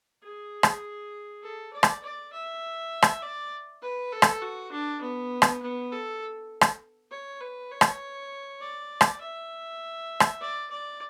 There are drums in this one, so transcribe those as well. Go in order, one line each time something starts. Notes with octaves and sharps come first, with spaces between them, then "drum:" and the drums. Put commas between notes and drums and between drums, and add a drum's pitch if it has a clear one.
G#4
drum: rim click
A4
D5
drum: rim click
D5
E5
drum: rim click
D5
B4
A4
drum: rim click
F#4
D4
B3
drum: rim click
B3
A4
drum: rim click
C#5
B4
C#5
drum: rim click
D5
drum: rim click
E5
drum: rim click
D5
D5